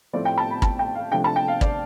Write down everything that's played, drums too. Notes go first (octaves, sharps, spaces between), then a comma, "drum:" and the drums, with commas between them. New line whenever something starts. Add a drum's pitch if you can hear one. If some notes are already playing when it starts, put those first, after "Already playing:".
A2 F3 C4 D5
G5
A5
B5
A5, drum: kick
G5
F5
C3 F3 A3 D4 G5
A5
G5
F5
D5, drum: kick